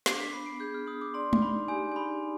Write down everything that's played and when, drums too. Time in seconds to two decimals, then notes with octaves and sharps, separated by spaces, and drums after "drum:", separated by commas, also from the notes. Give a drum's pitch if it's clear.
0.06 D4 C7, drum: snare
0.20 B6
0.33 B3 C7
0.46 D7
0.60 G#4 G6
0.74 F6
0.87 D4 D#6
1.01 D6
1.14 D5 C6
1.33 drum: tom
1.42 D#4 B5
1.68 G4 G#5
1.92 G#5
1.96 D#4 B5